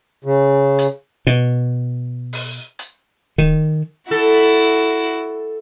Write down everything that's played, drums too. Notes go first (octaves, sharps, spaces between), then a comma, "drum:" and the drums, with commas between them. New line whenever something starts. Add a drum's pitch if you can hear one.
C#3
drum: hi-hat
B2
drum: open hi-hat
drum: hi-hat
D#3, drum: kick
E4 F#4 A4